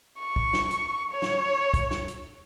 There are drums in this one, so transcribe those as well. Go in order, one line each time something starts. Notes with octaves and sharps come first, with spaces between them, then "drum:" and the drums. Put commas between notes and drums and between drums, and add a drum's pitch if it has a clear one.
C#6
drum: kick
drum: snare
drum: hi-hat
C#5
drum: snare
drum: kick, hi-hat
drum: snare
drum: hi-hat